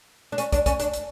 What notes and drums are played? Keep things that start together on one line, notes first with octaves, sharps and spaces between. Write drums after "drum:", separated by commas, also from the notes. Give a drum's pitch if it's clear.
D4
C#4, drum: hi-hat
D4, drum: kick, hi-hat
C#4, drum: kick, hi-hat
D4, drum: hi-hat
drum: hi-hat